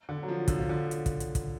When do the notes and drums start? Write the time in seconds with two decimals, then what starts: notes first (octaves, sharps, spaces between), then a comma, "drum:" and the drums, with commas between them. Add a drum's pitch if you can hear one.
0.09 D3
0.23 F#3
0.28 F3
0.48 D3, drum: kick, hi-hat
0.58 F3
0.69 D3
0.91 drum: hi-hat
1.06 drum: kick, hi-hat
1.20 drum: hi-hat
1.35 drum: kick, hi-hat